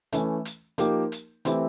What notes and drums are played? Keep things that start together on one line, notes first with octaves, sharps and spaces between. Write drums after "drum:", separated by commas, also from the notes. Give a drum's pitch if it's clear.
E3 A3 C#4, drum: hi-hat
drum: hi-hat
F3 A#3 D#4 G4, drum: hi-hat
drum: hi-hat
E3 A3 C4 E4 G4, drum: hi-hat